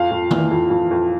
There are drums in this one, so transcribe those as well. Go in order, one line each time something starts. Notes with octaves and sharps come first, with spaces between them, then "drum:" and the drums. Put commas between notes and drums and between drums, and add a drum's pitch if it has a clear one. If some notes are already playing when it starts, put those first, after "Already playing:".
Already playing: F2 F5
F2
E3, drum: tom D#3
F2
F2
F2